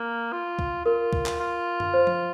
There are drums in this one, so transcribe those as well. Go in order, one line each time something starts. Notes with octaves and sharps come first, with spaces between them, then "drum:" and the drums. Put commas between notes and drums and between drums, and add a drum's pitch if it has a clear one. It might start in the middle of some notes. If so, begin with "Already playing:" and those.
Already playing: A#3
F4
drum: kick C#2
F4 A#4
drum: kick C#2
drum: clap
F4
drum: tom F#2
C5
drum: tom F3